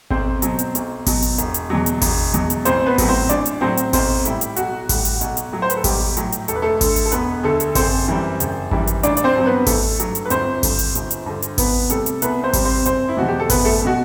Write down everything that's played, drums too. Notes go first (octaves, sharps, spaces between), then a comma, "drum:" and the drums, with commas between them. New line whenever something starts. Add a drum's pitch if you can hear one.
B1 C4 C5, drum: kick G#1
B2 F#3, drum: hi-hat
drum: hi-hat
B1, drum: hi-hat
B2 F#3, drum: kick G#1, open hi-hat
drum: hi-hat
E1, drum: hi-hat
drum: hi-hat
E2 B2 F#3
drum: hi-hat
E1, drum: kick G#1, open hi-hat
E2 B2 F#3, drum: hi-hat
drum: hi-hat
A1 C4 C5, drum: hi-hat
B3 B4
A2 F#3, drum: kick G#1, open hi-hat
C4 C5
A1 D4 D5, drum: hi-hat
drum: hi-hat
A2 F#3 C4 C5
drum: hi-hat
B1 C4 C5, drum: kick G#1, open hi-hat
A2 G3 E4, drum: hi-hat
drum: hi-hat
B1 F#4, drum: hi-hat
A2 G3, drum: kick G#1, open hi-hat
drum: hi-hat
B1, drum: hi-hat
drum: hi-hat
A2 F#3
C5
B4, drum: hi-hat
A4
B1 G3 G4, drum: kick G#1, open hi-hat
A2 F#3, drum: hi-hat
drum: hi-hat
E1 A4, drum: hi-hat
B4
A3 A4
D2 D3, drum: kick G#1, open hi-hat
drum: hi-hat
A4
E1 B3 B4, drum: hi-hat
D2 D3 A3 A4
drum: hi-hat
F#1 C4 C5, drum: kick G#1, open hi-hat
F#2 E3 G3
F#1, drum: hi-hat
F#2 E3 G3, drum: kick G#1
drum: hi-hat
A1 D4 D5, drum: hi-hat
D5, drum: hi-hat
C4 C5
G2 F#3
B3 B4
A1 A3 A4, drum: kick G#1, open hi-hat
G2 F#3, drum: hi-hat
drum: hi-hat
B4
G1 C4 C5, drum: hi-hat
G2 D3, drum: kick G#1, open hi-hat
drum: hi-hat
G1, drum: hi-hat
drum: hi-hat
G2 D3
drum: hi-hat
C2 B3 B4, drum: kick G#1, open hi-hat
C3 G3 A3 A4, drum: hi-hat
drum: hi-hat
C2 B3 B4, drum: hi-hat
C4 C5
C3 G3, drum: kick G#1, open hi-hat
C4 C5
F#1 C4 C5, drum: hi-hat
E4
E2 B2 F#4
G4
A4
F#1 B3 B4, drum: kick G#1, open hi-hat
A3 A4
B2 F#4